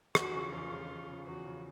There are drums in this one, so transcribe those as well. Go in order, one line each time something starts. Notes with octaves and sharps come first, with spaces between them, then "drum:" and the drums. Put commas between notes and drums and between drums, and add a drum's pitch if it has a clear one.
E2 F#4, drum: rim click
C#3 F3
E2 F4
C#3 F3
E2
C#3 F3
E2 F#4
C#3 F3